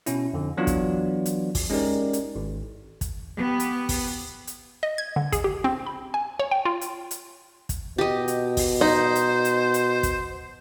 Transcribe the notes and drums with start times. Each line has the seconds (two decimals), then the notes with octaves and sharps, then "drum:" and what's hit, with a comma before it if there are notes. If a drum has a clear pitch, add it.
0.06 B2 C#4 E4, drum: hi-hat
0.34 F2 D3
0.57 E3 F#3 B3 D4 F4 D5
0.67 drum: kick, hi-hat
1.26 drum: hi-hat
1.55 drum: kick, open hi-hat
1.70 G#3 C#4 D#4 G4 A#4 D5
2.13 drum: hi-hat
2.35 G#1
3.01 drum: kick, hi-hat
3.38 B3 G4
3.60 drum: hi-hat
3.89 drum: kick, open hi-hat
4.47 drum: hi-hat
4.83 D#5
4.98 G#6
5.16 D3
5.33 G#4, drum: kick, hi-hat
5.44 G4
5.64 C4
5.86 B5
6.14 G#5
6.40 C#5
6.51 G5
6.65 F4
6.81 drum: hi-hat
7.11 drum: hi-hat
7.69 drum: kick, hi-hat
7.98 B2 G4 D#5
8.28 drum: hi-hat
8.57 drum: kick, open hi-hat
8.81 D#4 C5
9.15 drum: hi-hat
9.45 drum: hi-hat
9.74 drum: hi-hat
10.03 drum: kick, hi-hat